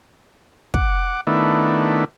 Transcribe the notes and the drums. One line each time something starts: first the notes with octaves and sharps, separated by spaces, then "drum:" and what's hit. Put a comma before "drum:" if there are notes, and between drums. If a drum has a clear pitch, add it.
F#5 D6, drum: kick
D#3 A3 B3 D4 E4